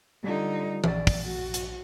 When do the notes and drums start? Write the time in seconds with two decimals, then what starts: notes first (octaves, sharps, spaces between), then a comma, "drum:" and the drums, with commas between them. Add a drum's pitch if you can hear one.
0.24 D3 G3 D#4 F4
0.84 A#1 D5 A6, drum: tom E3
1.07 drum: kick, open hi-hat
1.25 F#4
1.54 drum: hi-hat